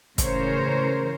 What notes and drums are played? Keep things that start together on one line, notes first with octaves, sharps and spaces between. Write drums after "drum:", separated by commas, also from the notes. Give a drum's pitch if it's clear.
A2 C#3 E3 A#4 C5 C#5, drum: kick, hi-hat